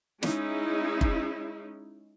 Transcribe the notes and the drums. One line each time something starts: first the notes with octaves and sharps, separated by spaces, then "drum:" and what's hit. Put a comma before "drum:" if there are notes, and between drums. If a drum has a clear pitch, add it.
G#3 C#4 D#4 E4, drum: snare
drum: kick